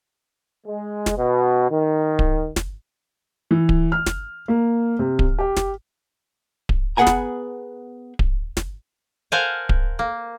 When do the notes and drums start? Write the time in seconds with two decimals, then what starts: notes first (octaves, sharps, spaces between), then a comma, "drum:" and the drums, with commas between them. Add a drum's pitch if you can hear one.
0.65 G#3
1.06 drum: snare
1.17 B2
1.70 D#3
2.19 drum: kick D1
2.56 drum: snare
3.51 E3
3.69 drum: kick D1
3.92 F6
4.06 drum: snare
4.48 A#3
4.99 C3
5.19 drum: kick D1
5.39 G4
5.57 drum: snare
6.69 drum: kick D1
6.97 B3 G#4 B4 F#5 G#5 A#5
7.07 drum: snare
8.19 drum: kick D1
8.57 drum: snare
9.32 A#4 C5 F5 F#5 G#5 A5
9.69 drum: kick D1
9.99 A#3